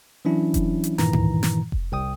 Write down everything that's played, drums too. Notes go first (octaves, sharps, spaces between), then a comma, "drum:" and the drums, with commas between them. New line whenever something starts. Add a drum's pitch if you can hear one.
E3 F#3 C#4 D4 E4
drum: kick F1, hi-hat
drum: hi-hat
G2 A#2 D#3 E3 A#5, drum: snare
drum: tom G#2
drum: snare
drum: kick F1
C2 G5 D#6